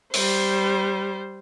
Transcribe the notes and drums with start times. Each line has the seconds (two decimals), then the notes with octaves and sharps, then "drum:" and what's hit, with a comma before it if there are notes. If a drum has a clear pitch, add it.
0.14 G3 C5, drum: open hi-hat